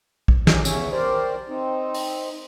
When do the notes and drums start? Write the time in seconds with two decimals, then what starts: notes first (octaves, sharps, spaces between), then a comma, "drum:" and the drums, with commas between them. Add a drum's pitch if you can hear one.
0.28 drum: kick A#1
0.47 C#4 D#4 G4, drum: snare
0.65 E2 C#3 C#4 C#5 E5, drum: tambourine
0.91 G4 A#4 C5 D5
1.48 C4 D#4
1.94 drum: open hi-hat